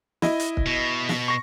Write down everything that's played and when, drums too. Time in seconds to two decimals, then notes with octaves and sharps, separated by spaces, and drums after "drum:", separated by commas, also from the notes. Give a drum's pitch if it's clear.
0.22 E4 D#5, drum: snare
0.40 drum: hi-hat
0.57 drum: kick
0.66 B2
1.09 drum: snare
1.28 C#6 A#6